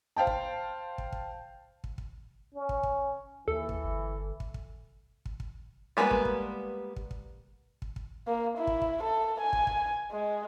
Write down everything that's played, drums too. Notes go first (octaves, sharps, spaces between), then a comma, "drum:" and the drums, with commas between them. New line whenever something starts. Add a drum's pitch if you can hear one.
C5 F5 G5 A5
drum: kick
drum: kick
drum: kick
drum: kick
drum: kick
C#4
drum: kick
drum: kick
D#2 E3 A4
drum: kick
G1
drum: kick
drum: kick
drum: kick
drum: kick
G3 G#3 A#3 B3 B4
drum: kick
drum: kick
drum: kick
drum: kick
drum: kick
drum: kick
A#3
E4
drum: kick
drum: kick
A4
G#5
drum: kick
drum: kick
G#3